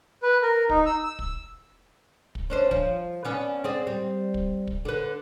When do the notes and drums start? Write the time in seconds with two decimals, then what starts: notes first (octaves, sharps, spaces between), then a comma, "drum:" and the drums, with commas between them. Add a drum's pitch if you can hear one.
0.23 B4
0.42 A#4
0.69 D#4, drum: kick
0.86 E6
1.04 E6
1.19 E6, drum: kick
2.35 drum: kick
2.50 C#4 D4 C5
2.71 F3, drum: kick
3.25 B3 C#4 D4
3.64 C4 G#4 D5
3.87 G3 C4
4.34 drum: kick
4.67 drum: kick
4.85 D3 B4